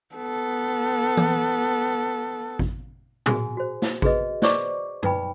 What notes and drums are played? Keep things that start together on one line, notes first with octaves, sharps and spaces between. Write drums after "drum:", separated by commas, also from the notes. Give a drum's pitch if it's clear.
B3 A4
drum: tom E3
drum: kick G#1
F#4 G#4 G#5, drum: tom
F#4 C5
drum: snare
F#4 G#4 B4 D#5, drum: kick G#1
C5 D5 C#6 D6, drum: snare
D#4 B4 G5 B5, drum: tom F#2